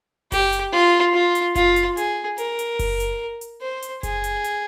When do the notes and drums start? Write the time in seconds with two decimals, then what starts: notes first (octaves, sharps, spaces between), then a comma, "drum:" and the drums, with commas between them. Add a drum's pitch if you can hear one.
0.32 G4, drum: kick F#1, open hi-hat
0.52 drum: hi-hat
0.73 F4
1.14 F4
1.35 drum: hi-hat
1.55 F4, drum: kick F#1, hi-hat
1.76 drum: hi-hat
1.97 G#4, drum: hi-hat
2.38 A#4, drum: hi-hat
2.59 drum: hi-hat
2.79 drum: kick F#1, open hi-hat
3.00 drum: hi-hat
3.41 drum: hi-hat
3.61 C5
3.82 drum: hi-hat
4.03 G#4, drum: kick F#1, hi-hat
4.24 drum: hi-hat
4.44 drum: hi-hat